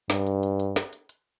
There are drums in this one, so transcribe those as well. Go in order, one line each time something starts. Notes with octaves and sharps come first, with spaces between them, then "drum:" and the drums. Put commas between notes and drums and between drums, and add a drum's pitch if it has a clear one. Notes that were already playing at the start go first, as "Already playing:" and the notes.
G2, drum: snare
drum: hi-hat
drum: hi-hat
drum: hi-hat
drum: snare
drum: hi-hat
drum: hi-hat